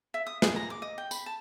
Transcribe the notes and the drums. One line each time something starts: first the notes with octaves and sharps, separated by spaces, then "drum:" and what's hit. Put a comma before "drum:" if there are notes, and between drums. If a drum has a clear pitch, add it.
E5
D#6
G#4, drum: snare
A#5
D6
D#5
G5
B5, drum: tambourine
A5